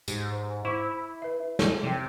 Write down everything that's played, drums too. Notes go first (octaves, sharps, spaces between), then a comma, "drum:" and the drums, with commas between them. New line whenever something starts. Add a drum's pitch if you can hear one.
G#2 G4, drum: tambourine
C5
E4 C5 C#6 D6
B4 E5
drum: snare
C3 F3 G5